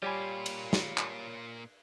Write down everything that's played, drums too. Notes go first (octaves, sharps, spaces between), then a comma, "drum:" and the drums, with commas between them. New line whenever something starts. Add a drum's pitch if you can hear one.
A#2 G3 F4 G4 C#5 G#5 B5
drum: cymbal
drum: snare
drum: clap